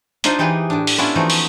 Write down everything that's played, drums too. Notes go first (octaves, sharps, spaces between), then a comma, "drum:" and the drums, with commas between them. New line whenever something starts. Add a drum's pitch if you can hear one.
D4 D#4 F4 C5 D#5, drum: hi-hat
E3 D#4 G4 G#4 B4
A2 D4
drum: open hi-hat
B3 C#4 D4 E4 F4
E3 F3 A3 D#4 F#4
drum: open hi-hat